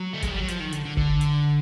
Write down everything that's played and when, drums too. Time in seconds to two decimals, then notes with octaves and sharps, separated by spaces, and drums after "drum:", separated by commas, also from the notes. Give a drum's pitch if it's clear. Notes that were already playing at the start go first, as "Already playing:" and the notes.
Already playing: F#3
0.13 A3
0.22 G#3, drum: kick, hi-hat
0.32 G3
0.40 F#3
0.48 F3, drum: hi-hat
0.61 D#3
0.73 D3, drum: hi-hat
0.85 D3
0.97 D3, drum: kick
1.21 drum: hi-hat